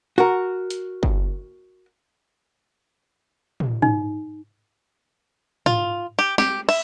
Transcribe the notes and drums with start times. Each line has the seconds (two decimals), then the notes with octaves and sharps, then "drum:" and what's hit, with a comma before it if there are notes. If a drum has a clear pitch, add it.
0.18 F#4 A#4
0.70 drum: hi-hat
1.03 drum: kick
3.60 drum: tom
3.82 D#4, drum: tom G#2
5.66 F4, drum: tom G#2
6.19 G4
6.38 G4, drum: snare
6.69 E5, drum: cymbal